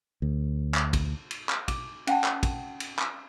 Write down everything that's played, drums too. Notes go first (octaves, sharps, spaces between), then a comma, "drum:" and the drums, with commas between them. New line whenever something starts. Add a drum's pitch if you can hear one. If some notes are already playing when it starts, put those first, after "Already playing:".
D2
drum: clap
drum: kick, cymbal
drum: cymbal
drum: clap
D6, drum: kick, cymbal
C#4 F#5 G5 A5, drum: cymbal
drum: clap
drum: kick, cymbal
drum: cymbal
drum: clap